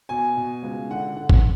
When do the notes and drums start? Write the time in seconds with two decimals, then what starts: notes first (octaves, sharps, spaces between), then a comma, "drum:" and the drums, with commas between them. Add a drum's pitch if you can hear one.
0.09 B2 G#5
0.37 B2
0.63 C#2
0.90 D3 F#5
1.16 D3 F#5
1.30 drum: kick